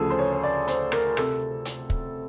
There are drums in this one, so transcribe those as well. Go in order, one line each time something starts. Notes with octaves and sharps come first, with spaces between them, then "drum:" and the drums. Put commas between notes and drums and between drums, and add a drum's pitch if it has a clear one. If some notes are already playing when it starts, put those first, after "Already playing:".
Already playing: D2 C#3 F3 G#4 A4
C5
C#5
C#5
D5
C5, drum: hi-hat
A#4, drum: rim click
C3 A4, drum: rim click
drum: hi-hat
drum: kick